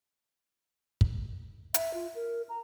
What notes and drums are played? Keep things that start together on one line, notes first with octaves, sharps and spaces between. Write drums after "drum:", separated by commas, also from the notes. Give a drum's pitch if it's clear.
drum: kick
E5, drum: hi-hat
F4
A#4
A#5